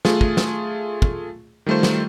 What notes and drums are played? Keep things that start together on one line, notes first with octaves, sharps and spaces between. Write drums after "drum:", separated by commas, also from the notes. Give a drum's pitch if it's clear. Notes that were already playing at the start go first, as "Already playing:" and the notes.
A3 F4 G#4, drum: snare
drum: kick
drum: snare
drum: kick
D#3 G3 A3 F4 C5
drum: snare